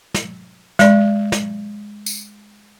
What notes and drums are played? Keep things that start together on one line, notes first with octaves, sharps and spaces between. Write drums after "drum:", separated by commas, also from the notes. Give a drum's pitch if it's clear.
drum: snare
G#3 D5, drum: snare
drum: snare
drum: tambourine